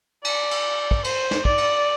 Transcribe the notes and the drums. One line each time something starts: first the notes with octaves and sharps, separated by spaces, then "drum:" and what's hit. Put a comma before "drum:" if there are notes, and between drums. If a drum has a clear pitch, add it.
D5, drum: cymbal
drum: cymbal
drum: kick
C5, drum: cymbal
drum: snare
D5, drum: kick
drum: cymbal